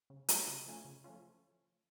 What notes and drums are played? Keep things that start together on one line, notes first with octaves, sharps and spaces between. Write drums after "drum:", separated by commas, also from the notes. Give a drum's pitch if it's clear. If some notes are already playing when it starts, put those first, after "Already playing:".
C#3
F3 A3 C#4 F4, drum: hi-hat
C#3
F3 A3 C#4 F4
C#3
F3 A3 C#4 F4